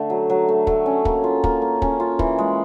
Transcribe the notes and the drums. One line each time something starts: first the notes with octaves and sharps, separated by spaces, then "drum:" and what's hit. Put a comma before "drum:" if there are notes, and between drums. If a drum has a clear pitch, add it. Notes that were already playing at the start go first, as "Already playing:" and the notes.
Already playing: D3 A3
F#3
F#3
A3
A3, drum: kick
C#4
A#3, drum: kick
F4
A#3, drum: kick
A#3
C#4, drum: kick
F4
E3, drum: kick
G#3